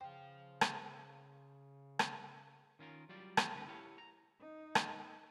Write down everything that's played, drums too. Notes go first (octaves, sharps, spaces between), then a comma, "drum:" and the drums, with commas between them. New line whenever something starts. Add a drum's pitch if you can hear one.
C#3 C5 F5 G5
drum: rim click
drum: rim click
D#3 C#4 F4 A#4
F#3 G3 F4 D5
drum: rim click
D2 C#3 D#4 G4 B4
E4 G4 C#5 F5
A#5
D#4
drum: rim click